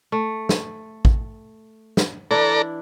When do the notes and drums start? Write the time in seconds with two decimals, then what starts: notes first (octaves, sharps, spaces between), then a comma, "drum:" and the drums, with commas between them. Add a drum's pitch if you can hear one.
0.12 A3
0.49 drum: snare
1.05 drum: kick A1
1.97 drum: snare
2.31 E3 D4 E4 A4 D5 A#5